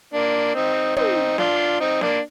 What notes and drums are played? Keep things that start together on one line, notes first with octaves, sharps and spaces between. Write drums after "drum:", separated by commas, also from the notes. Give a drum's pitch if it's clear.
A#3 D4
C4 D#4
C4 D#4, drum: tom
D4 F4, drum: snare
C4 D#4
A#3 D4, drum: snare